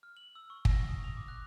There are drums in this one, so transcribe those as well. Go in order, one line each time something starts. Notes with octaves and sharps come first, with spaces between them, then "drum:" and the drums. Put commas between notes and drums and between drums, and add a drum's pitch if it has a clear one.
F6
F#7
E6
C#6
A#6, drum: kick
C#6
D#6
F7
D6
F#6